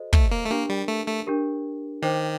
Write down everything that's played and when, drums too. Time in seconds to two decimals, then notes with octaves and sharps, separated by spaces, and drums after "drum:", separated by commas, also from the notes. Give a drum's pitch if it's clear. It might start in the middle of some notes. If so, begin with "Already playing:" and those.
Already playing: F#4 A4 C5 D#5
0.13 A3, drum: kick
0.31 A#3
0.45 A3
0.51 A#3 D4 G4 A#4
0.69 G3
0.88 A3
1.07 A3
1.27 D4 G4 A#4
2.02 D#3 C5 G5 D6